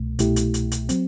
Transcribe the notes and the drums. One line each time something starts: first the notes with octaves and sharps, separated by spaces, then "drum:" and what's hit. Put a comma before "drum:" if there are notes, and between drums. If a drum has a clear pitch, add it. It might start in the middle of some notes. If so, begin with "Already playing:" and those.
Already playing: C2 B2 A3
C2 B2 A3 E4 G4, drum: hi-hat
drum: hi-hat
drum: hi-hat
drum: hi-hat
F#3 C4, drum: hi-hat